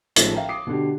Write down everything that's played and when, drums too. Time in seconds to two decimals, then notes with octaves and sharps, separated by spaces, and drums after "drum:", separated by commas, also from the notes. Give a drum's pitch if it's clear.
0.16 A1 D#3 F3 G#3 A3, drum: hi-hat
0.34 E5 F5 G5 A#5
0.49 D6 D#6 C7
0.67 B2 D3 G4